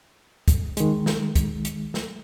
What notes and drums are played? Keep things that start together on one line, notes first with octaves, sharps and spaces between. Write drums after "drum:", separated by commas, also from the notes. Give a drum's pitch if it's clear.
drum: kick, hi-hat
D#3 G#3, drum: hi-hat
drum: snare
drum: kick, hi-hat
drum: hi-hat
drum: snare